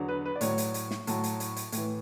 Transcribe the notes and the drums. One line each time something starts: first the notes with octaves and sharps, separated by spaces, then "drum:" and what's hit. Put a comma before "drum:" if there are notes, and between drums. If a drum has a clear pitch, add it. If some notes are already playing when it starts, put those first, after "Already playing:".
Already playing: E2 D3 F#3
B4
B4
D5
A2 F#3 C#5, drum: hi-hat
drum: hi-hat
drum: hi-hat
drum: snare
A2 F#3 A5, drum: hi-hat
drum: hi-hat
drum: hi-hat
drum: hi-hat
A2 E3, drum: hi-hat